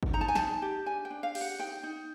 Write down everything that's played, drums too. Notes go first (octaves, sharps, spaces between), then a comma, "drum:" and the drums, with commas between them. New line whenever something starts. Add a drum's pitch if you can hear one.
drum: kick G#1
D#4 A#5
A5
G#5
D#4 A5, drum: snare
G4
D4 G#5
G5
D4
F5
G4, drum: cymbal
F#5
D#4 G5
D#4